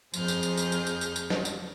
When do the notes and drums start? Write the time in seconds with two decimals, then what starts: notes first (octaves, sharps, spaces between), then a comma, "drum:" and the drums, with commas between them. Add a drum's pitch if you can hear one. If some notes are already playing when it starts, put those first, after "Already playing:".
0.14 F2 G#4 F6 G6, drum: tambourine
0.28 drum: tambourine
0.43 drum: tambourine
0.57 drum: tambourine
0.72 drum: tambourine
0.87 drum: tambourine
1.01 drum: tambourine
1.16 drum: tambourine
1.30 drum: snare
1.45 drum: tambourine